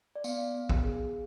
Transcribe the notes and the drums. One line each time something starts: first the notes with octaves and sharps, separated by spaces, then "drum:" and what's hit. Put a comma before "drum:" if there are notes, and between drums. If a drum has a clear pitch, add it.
D5
B3 F5, drum: tambourine
B3
drum: kick
G#4